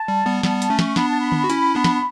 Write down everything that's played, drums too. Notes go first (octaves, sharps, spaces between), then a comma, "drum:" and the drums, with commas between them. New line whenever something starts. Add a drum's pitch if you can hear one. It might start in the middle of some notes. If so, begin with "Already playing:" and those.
Already playing: A5
G3
G3 B3
G3 B3 A5, drum: snare
A5, drum: hi-hat
A3 C#4
C#6, drum: snare
B3 D4 B5, drum: snare
A5
B5
drum: tom D3
F#4
C#4 E4, drum: hi-hat
B3 D4
drum: snare